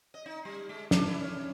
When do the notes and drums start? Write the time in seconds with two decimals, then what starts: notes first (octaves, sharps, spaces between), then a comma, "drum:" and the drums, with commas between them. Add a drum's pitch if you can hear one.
0.14 D#5
0.26 D#4
0.45 G3
0.69 G#3
0.91 D4, drum: snare
1.08 E4
1.20 C#4